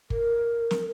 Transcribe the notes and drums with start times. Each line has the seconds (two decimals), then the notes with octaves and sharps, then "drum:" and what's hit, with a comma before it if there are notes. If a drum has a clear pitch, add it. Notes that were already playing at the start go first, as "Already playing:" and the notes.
0.10 A#4, drum: kick
0.71 drum: snare